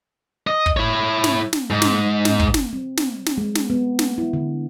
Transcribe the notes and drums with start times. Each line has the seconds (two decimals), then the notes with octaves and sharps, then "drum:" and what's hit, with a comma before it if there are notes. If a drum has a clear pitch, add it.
0.47 D#5
0.66 drum: kick
0.77 E4 C#5
1.24 drum: snare
1.53 drum: snare
1.71 G#2
1.82 drum: snare
2.25 drum: snare
2.40 drum: kick
2.54 drum: snare
2.73 C4
2.97 drum: snare
3.26 drum: snare
3.38 G#3
3.55 drum: snare
3.70 B3
3.99 drum: snare
4.18 E4
4.33 D3